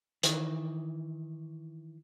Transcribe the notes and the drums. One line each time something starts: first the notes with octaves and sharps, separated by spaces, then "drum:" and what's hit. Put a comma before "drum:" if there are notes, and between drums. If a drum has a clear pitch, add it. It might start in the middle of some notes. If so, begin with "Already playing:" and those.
D#3 E3, drum: hi-hat